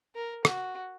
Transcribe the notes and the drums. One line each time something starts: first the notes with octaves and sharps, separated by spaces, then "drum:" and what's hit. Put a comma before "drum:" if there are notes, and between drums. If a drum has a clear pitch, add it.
A#4
F#4, drum: rim click